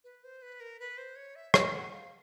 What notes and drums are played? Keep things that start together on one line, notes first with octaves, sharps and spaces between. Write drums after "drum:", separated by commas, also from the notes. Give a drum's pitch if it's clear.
B4
C5
B4
A#4
B4
C5
C#5
E5
D#5, drum: rim click
F#5
F5